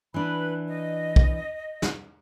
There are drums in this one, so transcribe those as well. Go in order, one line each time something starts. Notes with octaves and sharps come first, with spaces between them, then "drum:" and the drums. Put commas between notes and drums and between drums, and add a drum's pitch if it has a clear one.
E3 D4 B4 B5
D#5
drum: kick
drum: snare